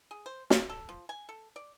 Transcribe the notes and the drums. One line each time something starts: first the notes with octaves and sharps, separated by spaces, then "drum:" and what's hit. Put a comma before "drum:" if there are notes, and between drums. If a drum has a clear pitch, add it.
G#4
C5
F5, drum: snare
A4
F3
G#5
A4
D5